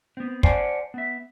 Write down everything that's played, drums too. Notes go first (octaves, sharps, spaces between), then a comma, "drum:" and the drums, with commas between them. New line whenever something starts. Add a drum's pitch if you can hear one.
B3 C4
C5 D5 F#5 G#5 A5, drum: kick
B3 E5